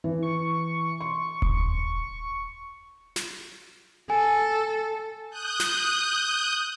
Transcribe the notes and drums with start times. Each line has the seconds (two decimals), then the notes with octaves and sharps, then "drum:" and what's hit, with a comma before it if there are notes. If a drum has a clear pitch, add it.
0.04 E3
0.23 C#6
1.01 C6
1.42 drum: kick D#1
3.16 drum: snare
4.10 A4 G#5
5.30 D#6 F#6 G6
5.60 drum: snare